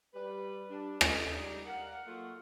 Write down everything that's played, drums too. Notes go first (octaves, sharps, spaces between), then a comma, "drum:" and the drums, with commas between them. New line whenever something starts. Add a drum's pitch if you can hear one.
G3 B4
G3 D4
A4 D#5, drum: rim click
G3 D4 D#4
A#4 F5 F#5
F#3 A3 A#3 F4 F#4